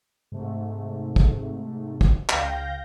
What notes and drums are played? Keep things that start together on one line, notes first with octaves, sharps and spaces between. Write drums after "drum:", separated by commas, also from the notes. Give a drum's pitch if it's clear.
G#2 C3 A3
drum: kick
drum: kick
C#2 F5 G5 G6 A#6, drum: clap